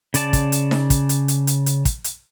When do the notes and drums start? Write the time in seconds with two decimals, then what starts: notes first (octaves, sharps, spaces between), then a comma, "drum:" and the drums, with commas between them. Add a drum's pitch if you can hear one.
0.14 C#3 D5 A5, drum: hi-hat
0.33 drum: kick, hi-hat
0.52 drum: hi-hat
0.71 drum: snare D#4
0.90 drum: kick, hi-hat
1.09 drum: hi-hat
1.28 drum: hi-hat
1.47 drum: hi-hat
1.66 drum: hi-hat
1.85 drum: kick, hi-hat
2.04 drum: hi-hat